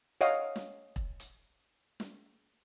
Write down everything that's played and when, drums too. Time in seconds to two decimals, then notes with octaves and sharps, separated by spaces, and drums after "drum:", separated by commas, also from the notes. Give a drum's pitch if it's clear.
0.21 C#5 D#5 F5 F#5, drum: hi-hat
0.56 drum: snare
0.96 drum: kick E1
1.20 drum: hi-hat
2.00 drum: snare